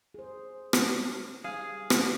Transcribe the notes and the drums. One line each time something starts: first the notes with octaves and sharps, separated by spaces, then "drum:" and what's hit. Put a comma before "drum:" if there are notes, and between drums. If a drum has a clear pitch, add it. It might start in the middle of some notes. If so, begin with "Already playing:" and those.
G#4 C5
drum: rim click
C#4
G3 D#4 G#4 F5
drum: rim click